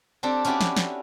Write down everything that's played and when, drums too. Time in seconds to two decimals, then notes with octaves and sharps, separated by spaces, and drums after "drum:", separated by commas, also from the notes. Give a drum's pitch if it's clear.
0.23 C4 D4 G4 A4
0.45 C#4 D4 E4 F#4 G4 D5, drum: hi-hat
0.61 drum: snare
0.76 drum: snare